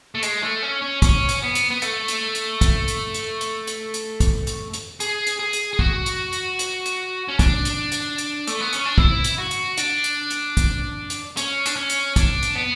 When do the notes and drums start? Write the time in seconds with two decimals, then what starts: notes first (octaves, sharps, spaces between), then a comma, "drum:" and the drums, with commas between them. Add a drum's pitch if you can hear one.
0.15 A3
0.23 G#3, drum: hi-hat
0.43 A3
0.62 C#4
0.82 C#4
1.02 C#4, drum: kick, hi-hat
1.29 drum: hi-hat
1.43 B3
1.55 drum: hi-hat
1.71 B3
1.82 A3, drum: hi-hat
2.08 drum: hi-hat
2.35 drum: hi-hat
2.61 drum: kick, hi-hat
2.88 drum: hi-hat
3.14 drum: hi-hat
3.41 drum: hi-hat
3.67 drum: hi-hat
3.94 drum: hi-hat
4.20 drum: kick, hi-hat
4.47 drum: hi-hat
4.73 drum: hi-hat
5.00 G#4, drum: hi-hat
5.26 drum: hi-hat
5.39 G#4
5.53 drum: hi-hat
5.73 G#4
5.79 F#4, drum: kick
6.06 drum: hi-hat
6.33 drum: hi-hat
6.59 drum: hi-hat
6.86 drum: hi-hat
7.28 C#4
7.39 D4, drum: kick, hi-hat
7.65 drum: hi-hat
7.92 drum: hi-hat
8.18 drum: hi-hat
8.47 A3, drum: hi-hat
8.61 B3
8.73 C#4, drum: hi-hat
8.85 D4
8.98 E4, drum: kick
9.24 drum: hi-hat
9.38 F#4
9.51 drum: hi-hat
9.77 D4, drum: hi-hat
10.04 drum: hi-hat
10.30 drum: hi-hat
10.57 drum: kick, hi-hat
11.10 drum: hi-hat
11.37 C#4, drum: hi-hat
11.66 D4, drum: hi-hat
11.76 C#4
11.90 drum: hi-hat
12.16 D4, drum: kick, hi-hat
12.43 drum: hi-hat
12.55 B3